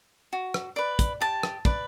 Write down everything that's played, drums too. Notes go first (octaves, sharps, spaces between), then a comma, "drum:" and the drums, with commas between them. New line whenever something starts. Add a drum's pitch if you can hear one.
F#4
drum: rim click
B4 D5
drum: kick, hi-hat
G4 A5
drum: rim click
B4 D5, drum: kick